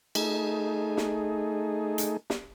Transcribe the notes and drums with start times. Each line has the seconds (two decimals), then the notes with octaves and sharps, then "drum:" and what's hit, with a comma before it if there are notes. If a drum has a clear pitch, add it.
0.15 A3 D#4 G#4, drum: cymbal
0.97 drum: snare
1.98 drum: hi-hat
2.30 drum: snare